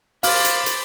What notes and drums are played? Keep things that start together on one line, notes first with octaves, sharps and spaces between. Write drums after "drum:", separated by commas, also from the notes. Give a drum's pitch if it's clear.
C5 F5 B5 D6 F6 A6, drum: open hi-hat
drum: hi-hat
drum: hi-hat